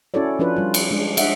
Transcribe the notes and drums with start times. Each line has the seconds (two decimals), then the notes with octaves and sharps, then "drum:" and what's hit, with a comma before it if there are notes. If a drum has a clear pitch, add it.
0.14 C#4 E4 F#4 A4 C#5 D5
0.39 F3 C#4 D4 F4 B4
0.56 G3 F4
0.74 drum: cymbal
0.91 G#3 D4
1.17 D#5 E5 F#5, drum: cymbal